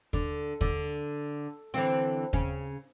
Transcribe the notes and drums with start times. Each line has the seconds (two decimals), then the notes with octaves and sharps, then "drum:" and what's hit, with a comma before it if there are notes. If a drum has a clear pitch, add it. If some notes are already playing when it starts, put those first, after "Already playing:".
0.13 D3, drum: kick
0.61 D3, drum: kick
1.74 D3 E3 C4
2.33 C#3, drum: kick